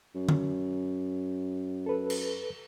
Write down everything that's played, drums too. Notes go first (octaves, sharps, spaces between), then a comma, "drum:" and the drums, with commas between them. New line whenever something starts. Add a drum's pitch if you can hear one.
F#2
drum: tom
A4 B4
drum: cymbal